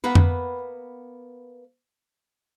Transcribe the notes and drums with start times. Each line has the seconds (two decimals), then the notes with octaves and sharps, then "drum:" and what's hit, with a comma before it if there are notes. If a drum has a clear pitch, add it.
0.04 A#3 B3 B4
0.15 drum: tom F2